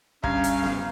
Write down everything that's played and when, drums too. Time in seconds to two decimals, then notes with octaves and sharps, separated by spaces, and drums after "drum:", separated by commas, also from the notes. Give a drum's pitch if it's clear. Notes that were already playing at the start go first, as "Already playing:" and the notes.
0.23 G2 C#4 F5 A#5 G#6, drum: kick
0.44 drum: hi-hat
0.64 drum: snare B3